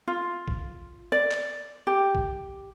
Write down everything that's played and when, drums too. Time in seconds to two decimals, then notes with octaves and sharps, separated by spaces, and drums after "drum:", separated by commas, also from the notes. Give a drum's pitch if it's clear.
0.08 F4
0.48 drum: kick A1
1.12 D5
1.31 drum: clap
1.87 G4
2.15 drum: kick A1